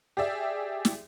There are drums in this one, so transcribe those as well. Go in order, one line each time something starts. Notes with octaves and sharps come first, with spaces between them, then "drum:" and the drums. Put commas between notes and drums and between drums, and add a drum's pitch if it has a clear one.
G4 G#4 D5 E5
drum: snare